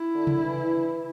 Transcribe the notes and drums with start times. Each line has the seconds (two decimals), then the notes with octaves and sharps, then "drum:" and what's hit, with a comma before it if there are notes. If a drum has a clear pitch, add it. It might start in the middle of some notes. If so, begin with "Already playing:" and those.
Already playing: E4
0.15 D3
0.27 drum: tom C3
0.43 E3